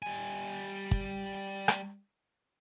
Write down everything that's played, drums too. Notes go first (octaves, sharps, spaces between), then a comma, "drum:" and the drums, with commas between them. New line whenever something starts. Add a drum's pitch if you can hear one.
G3 G#5
drum: kick
drum: rim click